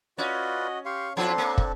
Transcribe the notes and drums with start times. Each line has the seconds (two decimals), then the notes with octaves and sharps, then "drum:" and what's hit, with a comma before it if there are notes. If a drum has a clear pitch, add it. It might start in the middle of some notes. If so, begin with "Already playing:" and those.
0.18 C#4 F4 F#4 B4 D5 D#5
0.85 G4 F5 C6 C#6
1.17 F3 C4 D4 E4 F4 A4 C6
1.38 A#3
1.58 drum: kick